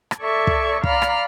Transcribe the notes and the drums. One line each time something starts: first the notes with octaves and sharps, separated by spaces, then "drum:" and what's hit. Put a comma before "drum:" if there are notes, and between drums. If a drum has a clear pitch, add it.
drum: rim click
A4 D5 E5 C#6 G#6
drum: kick
D5 F5 A#5 B5 F6, drum: kick
drum: rim click